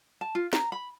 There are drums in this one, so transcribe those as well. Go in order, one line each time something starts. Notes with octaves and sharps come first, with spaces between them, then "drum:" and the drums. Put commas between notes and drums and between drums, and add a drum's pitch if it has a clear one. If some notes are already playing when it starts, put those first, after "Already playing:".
A5
F4
A#5, drum: snare
B5